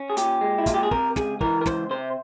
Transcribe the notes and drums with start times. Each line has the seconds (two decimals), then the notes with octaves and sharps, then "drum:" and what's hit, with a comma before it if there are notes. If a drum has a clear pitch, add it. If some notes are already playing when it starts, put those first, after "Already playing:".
Already playing: C#4
0.10 G#4
0.17 A#2 G4, drum: hi-hat
0.41 G#3
0.58 E4
0.66 A#2 F4, drum: kick, hi-hat
0.74 G4
0.83 G#4
0.91 C3 A#4, drum: kick
1.16 C#2 G#4, drum: snare
1.41 E3 A#4, drum: kick
1.61 A#4
1.66 C#2 C5, drum: snare
1.90 C3 C5